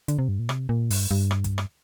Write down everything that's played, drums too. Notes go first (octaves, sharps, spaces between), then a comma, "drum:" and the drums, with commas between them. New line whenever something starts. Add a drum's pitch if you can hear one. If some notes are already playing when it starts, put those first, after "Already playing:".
D3, drum: hi-hat
C3
G2
A#2
C3, drum: rim click
A#2
G2, drum: open hi-hat
G2
drum: rim click
drum: kick, hi-hat
drum: rim click